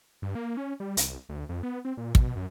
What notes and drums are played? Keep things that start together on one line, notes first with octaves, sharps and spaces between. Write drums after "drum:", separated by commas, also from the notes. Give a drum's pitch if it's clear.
G2
A#3
C#4
G3
C2, drum: hi-hat
D2
F2
B3
C4
A#2
B2, drum: kick
F#2